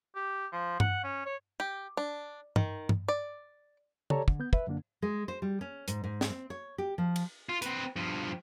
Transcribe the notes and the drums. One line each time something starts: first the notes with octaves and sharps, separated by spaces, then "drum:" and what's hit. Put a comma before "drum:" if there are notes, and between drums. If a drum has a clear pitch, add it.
G4
F3
F#5, drum: tom G2
C#4
C#5
G4
D4
D#3, drum: tom
drum: tom
D5
G4 A4 C#5 D5 A5 A#5, drum: tom
D3, drum: kick
B3 G6
B4 E5, drum: kick
F#2 D3 A#3 D4
G#3
C5
G3
C#4
G#2, drum: hi-hat
G#2
drum: snare
C4
C#5
G4
F3
drum: cymbal
F4
C4 B4, drum: hi-hat
G2 F3